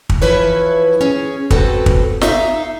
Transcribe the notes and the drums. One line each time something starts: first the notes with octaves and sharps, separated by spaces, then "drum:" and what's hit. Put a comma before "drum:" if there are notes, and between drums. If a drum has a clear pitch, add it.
drum: kick
E3 F3 E4 B4 C#5
C#4 G#4
C4 F#4 A4 B4, drum: kick
drum: kick
D#4 E5 F5, drum: snare